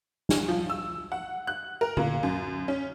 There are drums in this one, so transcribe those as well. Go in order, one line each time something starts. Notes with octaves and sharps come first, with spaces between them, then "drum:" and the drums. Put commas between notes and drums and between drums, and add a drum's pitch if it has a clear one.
drum: snare
F3
E6
F#5
F#6
A#4
A#2, drum: tom D3
F#2
C#4